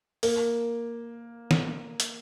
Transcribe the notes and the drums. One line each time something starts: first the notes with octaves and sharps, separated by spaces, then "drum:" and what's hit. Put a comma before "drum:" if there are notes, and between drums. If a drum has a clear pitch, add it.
A#3, drum: open hi-hat
drum: snare
drum: hi-hat